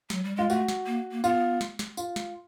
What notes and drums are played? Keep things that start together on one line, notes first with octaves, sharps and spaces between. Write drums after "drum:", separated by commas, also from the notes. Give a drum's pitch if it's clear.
F#3, drum: snare
G3
G#3 F4
A3 F#4, drum: tambourine
drum: snare
A#3
A#3
B3 F4, drum: tambourine
drum: snare
drum: snare
F4, drum: tambourine
drum: snare